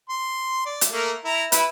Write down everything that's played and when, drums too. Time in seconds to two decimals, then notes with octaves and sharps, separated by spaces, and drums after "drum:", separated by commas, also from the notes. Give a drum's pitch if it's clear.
0.09 C6
0.66 D5
0.81 drum: hi-hat
0.91 A3 A#3 A#4
1.24 E4 A#5
1.52 E4 B4 B5, drum: hi-hat